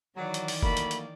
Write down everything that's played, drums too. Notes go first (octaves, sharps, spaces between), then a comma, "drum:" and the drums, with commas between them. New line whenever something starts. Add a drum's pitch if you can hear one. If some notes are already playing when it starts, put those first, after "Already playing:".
D#3 E3 F#3 F#4 D5
drum: hi-hat
drum: open hi-hat
F#3 A3 A#3 B5, drum: kick
drum: hi-hat
drum: hi-hat